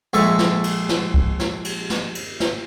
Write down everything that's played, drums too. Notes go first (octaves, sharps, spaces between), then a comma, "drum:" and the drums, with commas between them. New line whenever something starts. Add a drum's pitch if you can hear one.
A#1 G#3 A4 E5 C#6
drum: snare
drum: cymbal
drum: snare
drum: kick
drum: snare
drum: cymbal
drum: snare
drum: cymbal
drum: snare